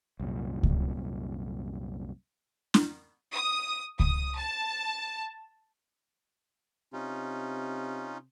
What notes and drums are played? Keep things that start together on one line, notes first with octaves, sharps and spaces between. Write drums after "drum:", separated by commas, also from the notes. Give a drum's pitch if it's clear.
C2 F#2 A#2
drum: kick C#2
drum: snare
D#6
D#6, drum: kick C#2
A5
C3 C#4 D#4 F4